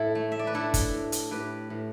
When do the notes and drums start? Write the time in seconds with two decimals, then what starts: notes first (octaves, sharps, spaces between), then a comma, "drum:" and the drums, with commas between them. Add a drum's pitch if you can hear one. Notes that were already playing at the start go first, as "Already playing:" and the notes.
Already playing: A2 E4 A4
0.15 A3
0.32 E5
0.39 D5
0.47 B4
0.54 D4 E4 A4
0.74 drum: kick, hi-hat
0.93 A2
1.12 drum: hi-hat
1.31 A2 G4 B4
1.70 A2